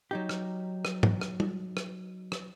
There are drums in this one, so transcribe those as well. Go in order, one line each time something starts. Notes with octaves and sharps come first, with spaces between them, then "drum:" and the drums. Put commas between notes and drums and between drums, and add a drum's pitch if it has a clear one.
F#3 D#4 G4
drum: rim click
drum: rim click
drum: tom G#2
drum: rim click
drum: tom
drum: rim click
drum: rim click